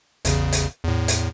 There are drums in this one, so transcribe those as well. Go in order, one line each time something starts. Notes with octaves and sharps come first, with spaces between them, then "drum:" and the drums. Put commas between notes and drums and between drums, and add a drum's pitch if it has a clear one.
A1 E2 C#3, drum: hi-hat
drum: hi-hat
E2 A2
drum: hi-hat